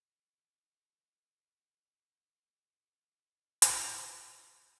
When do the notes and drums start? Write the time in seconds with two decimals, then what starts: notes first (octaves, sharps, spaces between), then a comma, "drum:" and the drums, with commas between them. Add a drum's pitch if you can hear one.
0.18 C5 F5 F#5
0.39 A2 C#3 E4 C5 C#6
0.70 B4 G5 B5
0.94 G2 A#4
1.45 A#2 G#4 C#5 A#5 C#6 G#6
1.87 G3
2.44 C#3 A3 C4 G4
2.84 C6 D6
3.16 G3
3.62 drum: hi-hat
3.85 E2 C#3 G#4 F#5
4.10 D5 F#5 C6
4.39 G4 G#5